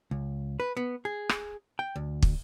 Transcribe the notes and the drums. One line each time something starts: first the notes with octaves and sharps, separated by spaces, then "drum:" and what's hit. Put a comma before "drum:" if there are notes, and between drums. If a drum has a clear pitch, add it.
C#2
B4
B3
G#4
drum: rim click
G5
D2
drum: kick